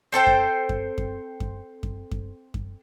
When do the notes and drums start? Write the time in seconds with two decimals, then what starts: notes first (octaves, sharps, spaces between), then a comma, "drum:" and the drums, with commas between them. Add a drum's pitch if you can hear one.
0.12 C4 A4 C5 G5
0.27 drum: kick F#2
0.69 drum: kick F#2
0.98 drum: kick F#2
1.40 drum: kick F#2
1.83 drum: kick F#2
2.12 drum: kick F#2
2.54 drum: kick F#2